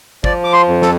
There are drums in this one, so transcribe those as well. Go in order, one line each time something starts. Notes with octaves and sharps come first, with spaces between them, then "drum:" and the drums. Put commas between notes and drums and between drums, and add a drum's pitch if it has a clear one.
F3 D5, drum: kick
D6
C6
F2
A4, drum: snare